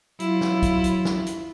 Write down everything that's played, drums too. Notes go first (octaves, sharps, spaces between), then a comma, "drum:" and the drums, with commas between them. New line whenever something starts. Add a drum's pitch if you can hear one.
F#3 E4 F4, drum: hi-hat
drum: snare
drum: kick, hi-hat
drum: hi-hat
drum: snare
drum: hi-hat